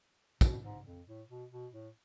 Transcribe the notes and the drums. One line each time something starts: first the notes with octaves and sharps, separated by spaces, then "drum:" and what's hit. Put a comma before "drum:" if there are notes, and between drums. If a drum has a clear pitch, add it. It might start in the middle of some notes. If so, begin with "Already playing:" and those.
B2, drum: kick, tambourine
G#2
F2
A2
B2
B2
A2